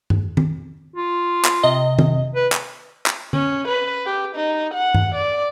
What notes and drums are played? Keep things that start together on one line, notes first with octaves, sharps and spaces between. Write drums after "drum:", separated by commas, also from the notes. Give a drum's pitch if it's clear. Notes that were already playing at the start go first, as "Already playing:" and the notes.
drum: tom G2
drum: tom
F4
drum: clap
C3 D#5
drum: tom
B4
drum: clap
drum: clap
C#4, drum: tom
B4
G4
D#4
F#5
drum: tom G2
D5